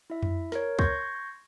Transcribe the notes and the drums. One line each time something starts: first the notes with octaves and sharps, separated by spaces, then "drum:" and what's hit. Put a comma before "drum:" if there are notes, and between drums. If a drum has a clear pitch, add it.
E4 E5
drum: tom F2
A#4 C#5, drum: snare
C6 C#6 G6 G#6 A#6, drum: kick C#2